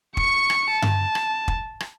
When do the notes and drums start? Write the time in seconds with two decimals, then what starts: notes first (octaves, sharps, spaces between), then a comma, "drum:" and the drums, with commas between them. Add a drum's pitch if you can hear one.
0.17 C#6 C#7, drum: kick
0.50 drum: rim click
0.71 A5
0.82 drum: tom G2
1.15 drum: rim click
1.48 drum: kick
1.80 drum: rim click